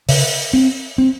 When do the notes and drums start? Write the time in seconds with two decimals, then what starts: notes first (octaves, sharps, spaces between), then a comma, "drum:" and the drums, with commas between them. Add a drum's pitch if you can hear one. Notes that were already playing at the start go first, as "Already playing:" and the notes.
0.09 C#3, drum: open hi-hat
0.53 C4
0.98 C4